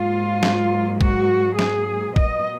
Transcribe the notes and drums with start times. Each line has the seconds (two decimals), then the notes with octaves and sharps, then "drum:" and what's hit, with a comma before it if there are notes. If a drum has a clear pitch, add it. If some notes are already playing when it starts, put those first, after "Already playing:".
Already playing: G#2 F#3 A#3 F4
0.43 drum: snare
1.01 F#4, drum: kick
1.59 G#4, drum: snare
2.16 A#2 F#3 B3 D#5, drum: kick